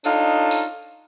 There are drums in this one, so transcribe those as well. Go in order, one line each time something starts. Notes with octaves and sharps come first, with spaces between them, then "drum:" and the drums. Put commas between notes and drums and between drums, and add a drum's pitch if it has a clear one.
D4 D#4 F4 A4 C#5 D#5, drum: tambourine
drum: tambourine